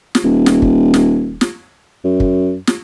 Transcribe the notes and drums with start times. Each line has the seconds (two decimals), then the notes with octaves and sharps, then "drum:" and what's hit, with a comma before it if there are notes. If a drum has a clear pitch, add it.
0.15 drum: snare
0.24 D#1
0.46 drum: snare
0.62 drum: kick
0.94 drum: snare
1.41 drum: snare
2.04 F#2
2.20 drum: kick
2.67 drum: snare